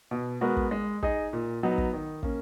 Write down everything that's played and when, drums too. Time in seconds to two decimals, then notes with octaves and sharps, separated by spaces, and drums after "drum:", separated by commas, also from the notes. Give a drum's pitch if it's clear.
0.11 B2
0.41 G#3 B3 F#4 A#4
0.57 drum: kick
0.71 G#3
1.03 D#4 G#4 D#5, drum: kick
1.33 A#2
1.63 F#3 B3 D#4
1.78 drum: kick
1.93 D#3
2.23 A#3 C#4, drum: kick